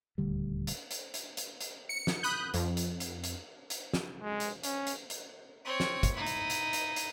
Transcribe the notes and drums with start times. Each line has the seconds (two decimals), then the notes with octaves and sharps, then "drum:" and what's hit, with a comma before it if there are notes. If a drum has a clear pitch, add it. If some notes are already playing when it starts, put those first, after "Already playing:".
0.18 D#1 D2 D3 G3
0.67 drum: hi-hat
0.91 drum: hi-hat
1.14 drum: hi-hat
1.37 drum: hi-hat
1.61 drum: hi-hat
1.89 C#7
2.07 drum: snare
2.23 B5 D#6 F#6 G6
2.54 F2, drum: hi-hat
2.77 drum: hi-hat
3.00 drum: hi-hat
3.24 drum: hi-hat
3.70 drum: hi-hat
3.94 drum: snare
4.22 G#3
4.40 drum: hi-hat
4.63 C#4, drum: hi-hat
4.87 drum: hi-hat
5.10 drum: hi-hat
5.65 C4 C#5
5.80 drum: snare
6.03 drum: kick, hi-hat
6.13 D#4 E4
6.27 drum: hi-hat
6.50 drum: hi-hat
6.73 drum: hi-hat
6.96 drum: hi-hat